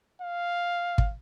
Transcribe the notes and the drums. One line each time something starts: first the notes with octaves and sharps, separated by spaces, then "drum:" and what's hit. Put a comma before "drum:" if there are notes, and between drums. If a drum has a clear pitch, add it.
F5
drum: kick